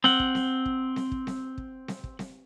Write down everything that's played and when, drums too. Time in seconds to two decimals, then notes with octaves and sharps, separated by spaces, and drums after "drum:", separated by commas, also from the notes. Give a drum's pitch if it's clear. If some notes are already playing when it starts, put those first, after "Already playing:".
0.04 C4 F#5, drum: snare C4
0.19 drum: kick
0.35 drum: snare C4
0.65 drum: kick
0.96 drum: snare C4
1.12 drum: kick
1.27 drum: snare C4
1.58 drum: kick
1.88 drum: snare C4
2.04 drum: kick
2.19 drum: snare C4